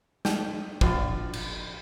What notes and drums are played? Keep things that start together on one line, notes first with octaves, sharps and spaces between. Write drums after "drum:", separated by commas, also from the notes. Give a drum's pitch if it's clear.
G5, drum: snare
A#1 F4, drum: kick
drum: cymbal